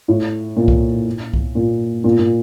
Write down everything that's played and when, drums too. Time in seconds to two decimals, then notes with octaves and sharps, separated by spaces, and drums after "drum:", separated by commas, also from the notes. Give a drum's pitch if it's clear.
0.08 A2
0.57 A#2
0.68 drum: kick C2
1.34 drum: kick C2
1.55 A#2
2.04 A#2
2.19 A#2